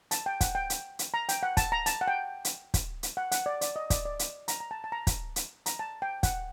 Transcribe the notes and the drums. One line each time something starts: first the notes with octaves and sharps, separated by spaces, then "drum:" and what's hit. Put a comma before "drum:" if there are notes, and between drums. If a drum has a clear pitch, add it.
A5, drum: hi-hat
G5
F#5, drum: kick, hi-hat
G5
drum: hi-hat
drum: hi-hat
A#5
G5, drum: hi-hat
F#5
A5, drum: kick, hi-hat
A#5
A5, drum: hi-hat
F#5
G5
drum: hi-hat
drum: kick, hi-hat
drum: hi-hat
F#5
F#5, drum: hi-hat
D5
D5, drum: hi-hat
D#5
D5, drum: kick, hi-hat
D5
drum: hi-hat
A#5, drum: hi-hat
A#5
A5
A5
A#5
drum: kick, hi-hat
drum: hi-hat
A#5, drum: hi-hat
A5
G5
F#5, drum: kick, hi-hat